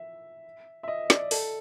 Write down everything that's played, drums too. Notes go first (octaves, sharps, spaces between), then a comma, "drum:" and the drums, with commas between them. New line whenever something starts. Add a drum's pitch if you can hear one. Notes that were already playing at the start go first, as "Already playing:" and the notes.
Already playing: E5
E5
D#5
D5, drum: snare
A4, drum: open hi-hat